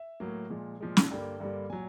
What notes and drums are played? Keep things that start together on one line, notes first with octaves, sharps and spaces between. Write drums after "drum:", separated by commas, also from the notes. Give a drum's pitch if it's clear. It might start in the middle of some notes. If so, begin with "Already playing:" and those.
Already playing: E5
A2 F#3 A#3
A#2 F3 G#3
A#2 F3 G#3
drum: snare
G2 D3 G3 A#3 G5
G2 D3 G3 A#3
A#2 F#3 G#5